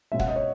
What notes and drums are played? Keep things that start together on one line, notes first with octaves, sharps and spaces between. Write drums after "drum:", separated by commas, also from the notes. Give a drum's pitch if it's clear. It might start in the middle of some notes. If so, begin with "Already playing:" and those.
B2 G#3 C#4 E5
F#5, drum: kick
D#5
C#5